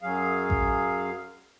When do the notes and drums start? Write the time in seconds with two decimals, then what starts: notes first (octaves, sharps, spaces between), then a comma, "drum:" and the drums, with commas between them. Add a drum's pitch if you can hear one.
0.02 F#2 F#3 G#4 F5
0.50 drum: kick A1